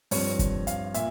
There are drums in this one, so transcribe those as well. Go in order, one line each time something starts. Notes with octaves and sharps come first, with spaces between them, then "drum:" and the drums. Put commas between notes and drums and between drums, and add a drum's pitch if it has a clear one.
G2 F3 C4 C#5, drum: open hi-hat
drum: kick, hi-hat
F5, drum: hi-hat
A#2 E5, drum: hi-hat